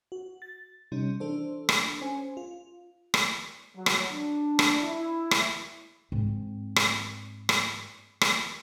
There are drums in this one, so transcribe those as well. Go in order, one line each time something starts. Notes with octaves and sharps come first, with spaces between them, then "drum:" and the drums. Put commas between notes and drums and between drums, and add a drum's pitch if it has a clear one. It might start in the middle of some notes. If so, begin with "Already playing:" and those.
F#4
A6
C3 G3 C#4 D#4
E3 D4 A4 C5
drum: rim click
C#4 C5 G#5
F4
drum: rim click
F#3
drum: rim click
D4
drum: rim click
E4
drum: rim click
G#2 C4
drum: rim click
drum: rim click
drum: rim click